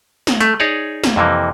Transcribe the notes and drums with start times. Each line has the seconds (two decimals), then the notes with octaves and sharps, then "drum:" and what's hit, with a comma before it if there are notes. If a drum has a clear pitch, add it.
0.27 drum: snare
0.41 A3, drum: hi-hat
0.60 D#4 G#4 C#5 D5
1.04 drum: snare
1.16 F2 C3 E3 A#3